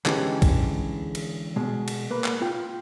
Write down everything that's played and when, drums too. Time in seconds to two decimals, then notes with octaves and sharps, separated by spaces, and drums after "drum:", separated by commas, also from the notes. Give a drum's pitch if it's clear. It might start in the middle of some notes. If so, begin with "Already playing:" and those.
0.06 D3 E3 G#3 C#4 G4, drum: clap
0.42 drum: kick, cymbal
1.15 drum: cymbal
1.56 B2 G#3
1.88 drum: cymbal
2.10 A#3 B4
2.24 drum: clap
2.42 F4 G5